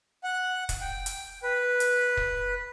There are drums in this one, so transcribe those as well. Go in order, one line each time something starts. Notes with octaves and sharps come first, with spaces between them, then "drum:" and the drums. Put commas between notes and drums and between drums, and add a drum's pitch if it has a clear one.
F#5
drum: kick, hi-hat
G5
drum: hi-hat
B4
drum: hi-hat
drum: kick